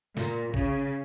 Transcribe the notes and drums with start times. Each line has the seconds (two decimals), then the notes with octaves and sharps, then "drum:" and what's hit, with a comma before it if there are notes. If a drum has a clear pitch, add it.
0.17 A#2, drum: snare
0.54 C#3, drum: kick G#1